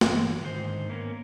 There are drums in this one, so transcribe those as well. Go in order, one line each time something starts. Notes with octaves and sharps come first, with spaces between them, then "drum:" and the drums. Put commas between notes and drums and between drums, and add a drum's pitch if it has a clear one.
G2 E3, drum: snare
G#2 D3 D#3 C#4 D#4 C5
A#3 B3 C#4 A#4